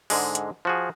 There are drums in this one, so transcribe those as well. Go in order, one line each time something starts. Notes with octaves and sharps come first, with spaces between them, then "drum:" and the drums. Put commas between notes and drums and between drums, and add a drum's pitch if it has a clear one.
G#2 D3 G#3, drum: open hi-hat
drum: hi-hat
F3 F#4 G#4